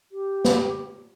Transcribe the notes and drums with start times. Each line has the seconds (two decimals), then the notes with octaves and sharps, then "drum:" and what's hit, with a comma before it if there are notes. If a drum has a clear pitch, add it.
0.12 G4
0.45 drum: snare